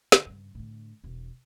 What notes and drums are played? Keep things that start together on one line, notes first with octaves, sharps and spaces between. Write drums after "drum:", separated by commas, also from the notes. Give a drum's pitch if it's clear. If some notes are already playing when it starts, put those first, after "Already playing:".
D3, drum: snare
G2 C#3
A2 D3
E1